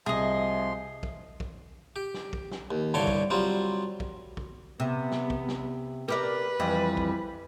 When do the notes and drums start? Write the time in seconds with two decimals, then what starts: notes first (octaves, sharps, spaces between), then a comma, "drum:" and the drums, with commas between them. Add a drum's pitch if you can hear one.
0.06 C2 F3 G#4 D#5 E5 C6
1.03 drum: kick
1.40 drum: kick
1.96 G4
2.14 drum: snare
2.33 drum: kick
2.52 drum: snare
2.71 D#2
2.94 C2 G2 D3 C#5 G5 A5
3.07 drum: kick
3.30 F#3 G3 C4 F4
4.00 drum: kick
4.37 drum: kick
4.80 C3 B3
5.11 drum: snare
5.30 drum: kick
5.49 drum: snare
6.08 G4 A#4 B4 D5
6.60 F2 E3 G3
6.97 drum: kick